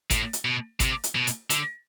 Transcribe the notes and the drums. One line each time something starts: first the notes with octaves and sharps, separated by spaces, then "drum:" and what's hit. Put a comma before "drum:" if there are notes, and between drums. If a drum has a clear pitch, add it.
A2, drum: kick G#1, hi-hat
drum: hi-hat
B2
C3, drum: kick G#1, hi-hat
drum: hi-hat
B2
drum: hi-hat
D3, drum: hi-hat